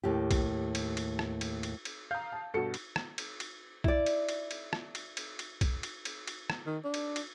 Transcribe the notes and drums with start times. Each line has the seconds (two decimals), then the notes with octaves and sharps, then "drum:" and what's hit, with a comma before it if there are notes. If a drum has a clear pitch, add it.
0.04 D#2 A2 G4
0.31 drum: kick B1, cymbal
0.75 drum: cymbal
0.97 drum: cymbal
1.19 drum: rim click
1.41 drum: cymbal
1.63 drum: cymbal
1.85 drum: cymbal
2.11 F5 A#5 D#6 G6
2.33 A5
2.54 G2 B2 F#4 A4 C#7
2.74 drum: cymbal
2.96 drum: rim click
3.18 drum: cymbal
3.40 drum: cymbal
3.84 E4 D5, drum: kick B1
4.06 drum: cymbal
4.29 drum: cymbal
4.51 drum: cymbal
4.73 drum: rim click
4.95 drum: cymbal
5.17 drum: cymbal
5.39 drum: cymbal
5.61 drum: kick B1, cymbal
5.83 drum: cymbal
6.05 drum: cymbal
6.27 drum: cymbal
6.50 drum: rim click
6.66 D#3
6.84 D4
6.94 drum: cymbal
7.16 drum: cymbal